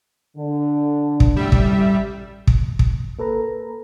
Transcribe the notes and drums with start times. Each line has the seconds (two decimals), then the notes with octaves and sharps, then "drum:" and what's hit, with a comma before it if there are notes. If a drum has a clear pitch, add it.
0.37 D3
1.20 drum: kick
1.36 A1 G3 E5
1.52 drum: kick
2.47 drum: kick
2.79 drum: kick
3.19 A#3 A4 B4 A#5